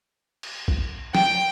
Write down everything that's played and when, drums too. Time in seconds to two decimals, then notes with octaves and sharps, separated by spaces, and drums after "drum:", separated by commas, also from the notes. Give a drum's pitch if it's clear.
0.43 drum: cymbal
0.68 drum: kick A#1
1.15 G5, drum: snare